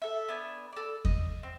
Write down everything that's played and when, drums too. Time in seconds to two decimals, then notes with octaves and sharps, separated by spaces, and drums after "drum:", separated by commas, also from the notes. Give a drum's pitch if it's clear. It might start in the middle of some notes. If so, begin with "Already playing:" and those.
0.02 A4 E5
0.29 B3 D4 G#5
0.73 A4 D5
1.05 D#5, drum: kick E2
1.43 C4